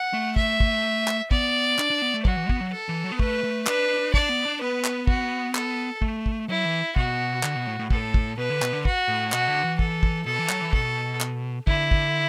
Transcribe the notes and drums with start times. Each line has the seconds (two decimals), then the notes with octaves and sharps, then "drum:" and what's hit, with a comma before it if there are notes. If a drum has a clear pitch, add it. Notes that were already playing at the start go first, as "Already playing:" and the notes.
Already playing: F#5
0.13 A3
0.36 E5, drum: kick
0.60 drum: kick
1.07 drum: clap
1.31 B3 D5, drum: kick
1.79 D4, drum: clap
1.90 D4
2.02 B3
2.14 A3
2.25 F#3 F#4, drum: kick
2.37 E3
2.49 B3, drum: kick
2.60 F#3
2.73 A4
2.89 E3
3.04 F#3
3.12 B3
3.19 A3 B4, drum: kick
3.44 A3
3.67 D4 B4, drum: clap
4.14 D4 D5, drum: kick
4.29 B3
4.45 D4
4.61 B3 B4
4.84 drum: clap
5.07 F#4, drum: kick
5.55 A4, drum: clap
6.02 A3, drum: kick
6.26 drum: kick
6.49 F#3 E4
6.65 E3
6.96 B2 F#4, drum: kick
7.43 D3, drum: clap
7.55 B2
7.67 A2
7.79 A2
7.91 A2 A4, drum: kick
8.14 drum: kick
8.38 B2 B4
8.50 D3
8.62 B2, drum: clap
8.73 D3
8.85 F#4, drum: kick
9.08 A2
9.32 B2 F#4, drum: clap
9.47 D3
9.64 E3
9.79 A4, drum: kick
10.03 drum: kick
10.26 B2 A4
10.39 E3
10.49 F#3, drum: clap
10.61 E3
10.73 B2 A4, drum: kick
11.21 drum: clap
11.67 D3 E4, drum: kick
11.91 drum: kick